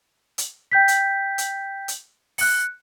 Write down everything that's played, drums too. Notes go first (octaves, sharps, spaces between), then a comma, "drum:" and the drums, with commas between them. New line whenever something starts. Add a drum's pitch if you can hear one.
drum: hi-hat
G5 G6 B6
drum: hi-hat
drum: hi-hat
drum: hi-hat
F#6 C#7, drum: open hi-hat